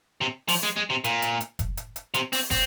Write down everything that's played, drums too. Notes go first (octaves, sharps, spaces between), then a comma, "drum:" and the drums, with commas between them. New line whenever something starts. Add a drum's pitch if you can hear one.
C3
F3, drum: open hi-hat
G#3
G#3
C3
A#2, drum: hi-hat
drum: hi-hat
drum: hi-hat
drum: kick, hi-hat
drum: hi-hat
drum: hi-hat
C3, drum: hi-hat
C4, drum: open hi-hat
C4, drum: kick, open hi-hat